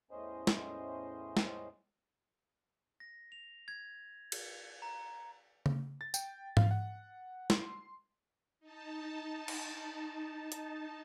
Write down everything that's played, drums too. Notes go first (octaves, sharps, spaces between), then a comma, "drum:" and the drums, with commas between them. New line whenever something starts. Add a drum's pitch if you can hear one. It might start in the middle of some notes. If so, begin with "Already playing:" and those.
E2 A2 C#4 C5 D#5
drum: snare
drum: snare
A#6
F7
G#6
C#7, drum: cymbal
A#5
drum: tom C#3
A6
G5, drum: tambourine
F5, drum: tom G#2
F#5
C6, drum: snare
D#4 A5
drum: cymbal
drum: hi-hat